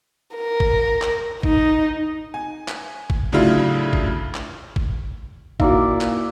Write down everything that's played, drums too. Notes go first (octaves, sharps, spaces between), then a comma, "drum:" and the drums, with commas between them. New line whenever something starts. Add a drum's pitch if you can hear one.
A#4
drum: kick
drum: clap
D#4, drum: kick
G#5
drum: clap
drum: kick
A2 C#3 F#3 D4 E4 F4
drum: kick
drum: clap
drum: kick
A#2 D#4 E4 F#4 D5 F5 A#5 D6, drum: kick
drum: clap